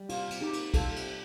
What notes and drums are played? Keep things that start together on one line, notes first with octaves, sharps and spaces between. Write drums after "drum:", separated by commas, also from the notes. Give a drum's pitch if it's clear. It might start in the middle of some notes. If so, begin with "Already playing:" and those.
Already playing: G3
C3 F4, drum: cymbal
C3, drum: cymbal
D#4 G4
A#3, drum: cymbal
G3 F4 A4, drum: kick, cymbal
C3, drum: cymbal